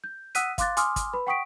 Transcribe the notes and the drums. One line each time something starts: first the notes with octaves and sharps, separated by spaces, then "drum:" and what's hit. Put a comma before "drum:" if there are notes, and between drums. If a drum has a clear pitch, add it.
G6
F#5 D#6 E6 F#6 B6 D#7, drum: hi-hat
F5 C6 D6 F#6 A6, drum: kick, hi-hat
G#5 C6 D6 D#6 F6, drum: hi-hat
drum: kick, hi-hat
B4 B5
F#5 G5 C#6 D#6 B6 D7